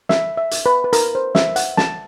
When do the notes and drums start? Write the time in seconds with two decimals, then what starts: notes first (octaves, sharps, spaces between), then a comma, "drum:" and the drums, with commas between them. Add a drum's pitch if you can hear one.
0.09 E5, drum: snare
0.37 E5
0.51 drum: hi-hat
0.66 B4
0.84 B4
0.93 A#4, drum: hi-hat
1.15 C5
1.35 E5, drum: snare
1.56 F#5, drum: hi-hat
1.77 A5, drum: snare